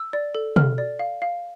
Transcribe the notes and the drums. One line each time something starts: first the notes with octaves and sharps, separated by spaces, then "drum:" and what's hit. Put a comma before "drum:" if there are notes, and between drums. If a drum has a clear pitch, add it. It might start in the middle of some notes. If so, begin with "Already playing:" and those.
Already playing: E6
D5
A4
A4 F6, drum: tom
D5
F5
F5